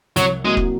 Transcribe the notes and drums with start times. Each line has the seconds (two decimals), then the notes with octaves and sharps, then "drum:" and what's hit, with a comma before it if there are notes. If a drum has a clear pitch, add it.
0.16 C2 F#3, drum: hi-hat
0.44 C3 F#3 G#3 A#3
0.57 drum: kick